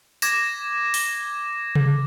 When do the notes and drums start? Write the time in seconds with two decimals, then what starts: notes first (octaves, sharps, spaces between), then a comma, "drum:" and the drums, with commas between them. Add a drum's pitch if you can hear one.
0.22 D6 G#6 A#6 E7, drum: tambourine
0.94 drum: open hi-hat
1.75 drum: tom C3